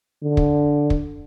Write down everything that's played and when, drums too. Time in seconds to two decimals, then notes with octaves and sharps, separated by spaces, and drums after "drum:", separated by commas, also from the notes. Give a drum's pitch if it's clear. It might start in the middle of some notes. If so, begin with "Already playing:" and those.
0.23 D3
0.37 drum: kick
0.90 drum: kick